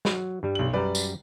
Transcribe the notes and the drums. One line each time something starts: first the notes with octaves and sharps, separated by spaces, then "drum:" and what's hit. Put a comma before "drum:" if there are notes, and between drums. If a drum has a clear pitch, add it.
F#3, drum: snare
G2 G3
B1 F#7
F#2 G3 B4 D5 A#5
drum: tambourine